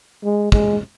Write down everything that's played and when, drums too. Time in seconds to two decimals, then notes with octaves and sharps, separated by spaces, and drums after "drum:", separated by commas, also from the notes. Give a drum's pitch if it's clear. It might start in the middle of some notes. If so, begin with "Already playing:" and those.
0.24 G#3
0.52 G#3, drum: kick